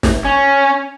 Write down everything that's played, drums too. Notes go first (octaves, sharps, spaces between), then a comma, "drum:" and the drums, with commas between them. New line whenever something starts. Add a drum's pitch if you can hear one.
drum: snare
C#4